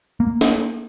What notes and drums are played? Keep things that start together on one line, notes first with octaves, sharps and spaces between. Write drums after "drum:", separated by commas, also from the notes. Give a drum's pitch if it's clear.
A#3
drum: snare